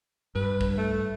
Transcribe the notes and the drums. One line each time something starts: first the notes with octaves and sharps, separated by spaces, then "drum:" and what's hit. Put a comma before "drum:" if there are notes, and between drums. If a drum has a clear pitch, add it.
G2 B4
drum: kick A1
A3